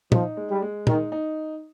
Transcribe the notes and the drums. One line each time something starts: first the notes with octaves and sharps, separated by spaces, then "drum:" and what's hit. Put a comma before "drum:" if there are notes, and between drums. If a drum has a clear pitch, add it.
F3 D#4, drum: tom
G#3
G3
G#3
D#3 D#4, drum: tom
D#4